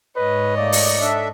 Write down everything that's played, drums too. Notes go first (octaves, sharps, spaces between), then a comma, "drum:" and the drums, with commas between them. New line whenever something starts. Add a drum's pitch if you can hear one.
G#2 B4 C#5 D#5
A3 A#3 D5
drum: open hi-hat
D4 A4 E5